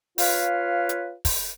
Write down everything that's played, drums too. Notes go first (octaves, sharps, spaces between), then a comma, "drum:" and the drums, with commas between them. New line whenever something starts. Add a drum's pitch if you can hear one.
F4 B4 C#5 F5, drum: open hi-hat
drum: hi-hat
drum: kick, open hi-hat